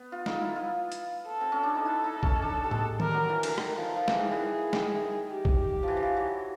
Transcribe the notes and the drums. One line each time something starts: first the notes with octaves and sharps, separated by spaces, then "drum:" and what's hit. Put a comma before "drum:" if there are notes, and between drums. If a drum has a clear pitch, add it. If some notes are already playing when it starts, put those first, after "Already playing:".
Already playing: B3
F4
D#4, drum: snare
E4
F4
drum: hi-hat
A4
C4
C#4
D4
D#4
E4 A4
D#4
C#4, drum: kick A#1
D4
G3
G#3, drum: tom A2
G3 A#4, drum: tom D#3
F#3
E3
D3, drum: cymbal
D#3, drum: rim click
F3
F3
E3, drum: snare
D#3 G#4
E3
D#3, drum: snare
G4
drum: kick A#1
E3 F3
F3
E3
F#3